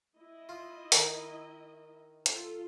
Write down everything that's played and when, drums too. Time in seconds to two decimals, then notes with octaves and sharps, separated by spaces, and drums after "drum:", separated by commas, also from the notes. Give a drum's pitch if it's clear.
0.18 E4 D#5
0.49 F4
0.92 D#3, drum: open hi-hat
2.26 F4 A4, drum: hi-hat